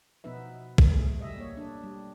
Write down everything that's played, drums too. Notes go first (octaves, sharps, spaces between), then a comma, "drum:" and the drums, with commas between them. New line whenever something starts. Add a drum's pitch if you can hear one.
B2 F3 B3 D#4 B4 E5
drum: kick
A3 G#4
G3 D#5 E5
A#3 C#5
D4
G3